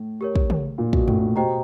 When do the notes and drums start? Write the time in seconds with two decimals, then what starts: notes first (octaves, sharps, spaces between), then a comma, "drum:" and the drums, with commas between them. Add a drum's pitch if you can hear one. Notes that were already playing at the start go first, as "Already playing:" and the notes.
Already playing: A2
0.21 G4 A#4 C#5
0.36 drum: kick
0.50 drum: tom
0.78 A#2
0.93 B2, drum: kick
1.08 A2, drum: tom
1.22 A#2
1.36 B2 G4 C5 D#5 G5 A#5